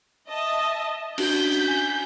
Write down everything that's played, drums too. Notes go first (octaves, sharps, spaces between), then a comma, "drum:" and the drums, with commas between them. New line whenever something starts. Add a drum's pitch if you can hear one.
D#5 E5 A5
C#4 D4 F#4 G6 B6, drum: cymbal
drum: hi-hat
G#5